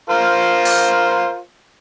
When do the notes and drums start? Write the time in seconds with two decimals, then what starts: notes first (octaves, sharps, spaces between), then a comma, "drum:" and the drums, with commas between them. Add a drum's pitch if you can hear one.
0.10 F4 A#4 C5
0.65 drum: open hi-hat